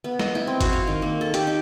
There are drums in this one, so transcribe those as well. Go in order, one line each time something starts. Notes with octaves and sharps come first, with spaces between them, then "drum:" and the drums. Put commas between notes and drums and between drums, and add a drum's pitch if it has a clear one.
B3
D#5, drum: snare
E4
C4
F#4, drum: kick G1, hi-hat
F5
D#3
A#3
A4
G4, drum: hi-hat
D#4